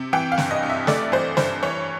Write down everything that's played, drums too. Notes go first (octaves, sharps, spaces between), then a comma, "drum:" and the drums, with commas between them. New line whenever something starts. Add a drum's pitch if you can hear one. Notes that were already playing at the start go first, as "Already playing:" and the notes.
Already playing: C3
E3 G5
F5
G2, drum: snare
D#5
G2
E5
A3 D5, drum: snare
E3 C5
G2 C5, drum: snare
E3 C#5